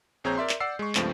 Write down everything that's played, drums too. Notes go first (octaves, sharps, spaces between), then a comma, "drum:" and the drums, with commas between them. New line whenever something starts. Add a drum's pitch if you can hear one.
A#1 C4 G#4 C#5 A#5 G6
A#4 D5 E5 C6
drum: clap
D5 F#5 E6 C7
G#3 C#6
C#2 G2 F3 A3 C4, drum: clap